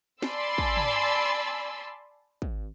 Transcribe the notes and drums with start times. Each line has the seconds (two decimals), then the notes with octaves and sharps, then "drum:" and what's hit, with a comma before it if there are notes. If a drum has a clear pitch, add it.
0.22 D5 G#5 A5 B5 C6 E6, drum: snare
0.58 drum: kick
0.77 drum: tom
2.42 drum: kick